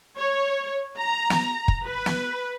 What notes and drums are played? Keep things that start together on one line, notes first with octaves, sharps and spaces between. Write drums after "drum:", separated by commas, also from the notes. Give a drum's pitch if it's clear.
C#5
A#5
drum: snare
drum: kick
B4
drum: snare